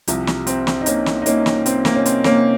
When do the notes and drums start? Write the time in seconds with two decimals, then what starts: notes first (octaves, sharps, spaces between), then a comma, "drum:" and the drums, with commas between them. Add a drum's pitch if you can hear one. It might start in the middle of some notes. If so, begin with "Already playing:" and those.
0.08 C2 C3 F3, drum: hi-hat
0.27 drum: snare
0.47 C4, drum: hi-hat
0.67 drum: snare
0.81 D#4
0.86 A#3 C#4, drum: hi-hat
1.06 drum: snare
1.22 D#4
1.26 A#3 C#4, drum: hi-hat
1.46 drum: snare
1.66 C4, drum: hi-hat
1.85 A#3, drum: snare
1.95 C#4
2.06 C4, drum: hi-hat
2.24 A#3 C#4, drum: snare